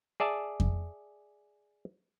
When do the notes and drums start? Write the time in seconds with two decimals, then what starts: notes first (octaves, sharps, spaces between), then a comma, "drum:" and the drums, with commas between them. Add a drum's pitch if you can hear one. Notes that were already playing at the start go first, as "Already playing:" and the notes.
0.20 G#4 D5 E5 A5
0.60 drum: kick F2